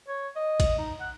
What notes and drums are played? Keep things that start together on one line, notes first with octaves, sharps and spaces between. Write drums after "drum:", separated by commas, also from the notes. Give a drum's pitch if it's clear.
C#5
D#5
drum: kick, cymbal
D#4
F#5